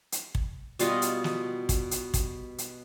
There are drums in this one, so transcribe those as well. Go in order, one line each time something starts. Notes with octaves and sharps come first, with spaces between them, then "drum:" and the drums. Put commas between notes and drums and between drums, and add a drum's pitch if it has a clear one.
drum: hi-hat
drum: kick
B2 G3 F4 D#5, drum: hi-hat
drum: hi-hat
drum: snare
drum: kick, hi-hat
drum: hi-hat
drum: kick, hi-hat
drum: hi-hat